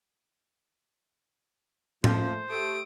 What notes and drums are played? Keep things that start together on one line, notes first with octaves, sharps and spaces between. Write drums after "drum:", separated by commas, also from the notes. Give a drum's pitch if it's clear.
A#2 F3 A3 A4 C5, drum: tom A2
A3 G4 D#6 D7